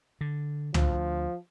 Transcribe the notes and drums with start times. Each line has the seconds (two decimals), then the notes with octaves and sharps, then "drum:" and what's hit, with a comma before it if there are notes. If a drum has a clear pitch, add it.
0.21 D3
0.74 D2 F3, drum: tom